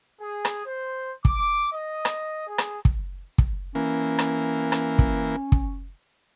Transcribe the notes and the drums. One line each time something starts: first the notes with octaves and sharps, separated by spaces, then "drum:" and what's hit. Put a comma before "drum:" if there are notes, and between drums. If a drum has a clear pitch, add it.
G#4
drum: rim click
C5
D6, drum: kick
D#5
drum: rim click
G#4
drum: rim click
drum: kick
drum: kick
E3 A#3 C#4
drum: rim click
drum: rim click
drum: kick
drum: kick